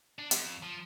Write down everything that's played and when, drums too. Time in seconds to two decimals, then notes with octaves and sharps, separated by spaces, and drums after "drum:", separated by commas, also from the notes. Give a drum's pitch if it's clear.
0.19 D4
0.31 F2, drum: hi-hat
0.63 F3